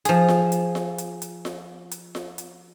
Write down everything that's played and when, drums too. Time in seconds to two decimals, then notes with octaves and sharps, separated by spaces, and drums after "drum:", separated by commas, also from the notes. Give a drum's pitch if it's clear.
0.05 F3 G#4, drum: hi-hat
0.28 drum: snare F4
0.52 drum: hi-hat
0.75 drum: snare F4
0.98 drum: hi-hat
1.22 drum: hi-hat
1.45 drum: snare F4
1.91 drum: hi-hat
2.15 drum: snare F4
2.38 drum: hi-hat